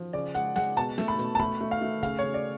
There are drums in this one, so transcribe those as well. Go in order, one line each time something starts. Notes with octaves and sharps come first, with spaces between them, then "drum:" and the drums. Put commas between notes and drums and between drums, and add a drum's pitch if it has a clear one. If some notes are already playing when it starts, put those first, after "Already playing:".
Already playing: F3
C#3 D5
G#3 F#5, drum: hi-hat
G#3 F#5, drum: snare
B2 A5, drum: hi-hat
A3, drum: snare
B5
B2, drum: hi-hat
A5
A3 B5, drum: kick
A3
F5
A3
C#3 F5, drum: kick, hi-hat
C#3 C#5
D5